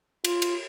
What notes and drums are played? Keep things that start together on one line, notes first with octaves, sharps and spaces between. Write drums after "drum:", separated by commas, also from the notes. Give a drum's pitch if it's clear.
F4, drum: cymbal
drum: cymbal